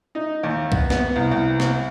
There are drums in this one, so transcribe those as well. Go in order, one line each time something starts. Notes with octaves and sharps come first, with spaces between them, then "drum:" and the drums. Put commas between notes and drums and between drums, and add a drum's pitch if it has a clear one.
D#4
D#2
B3, drum: kick C2
B3, drum: snare
C2
C2
drum: snare